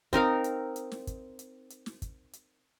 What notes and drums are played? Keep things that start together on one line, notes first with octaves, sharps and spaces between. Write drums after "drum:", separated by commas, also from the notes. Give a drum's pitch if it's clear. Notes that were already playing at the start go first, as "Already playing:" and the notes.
C4 D#4 A#4 F5, drum: kick, hi-hat
drum: hi-hat
drum: hi-hat
drum: snare
drum: kick, hi-hat
drum: hi-hat
drum: hi-hat
drum: snare
drum: kick, hi-hat
drum: hi-hat